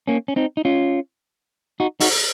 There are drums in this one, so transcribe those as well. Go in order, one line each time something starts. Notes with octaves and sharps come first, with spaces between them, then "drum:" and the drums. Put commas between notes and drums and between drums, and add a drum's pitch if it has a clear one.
A#3 C#4
C#4
C4 D#4
D#4
C#4 F4
D#4 F#4
D#4 F#4, drum: open hi-hat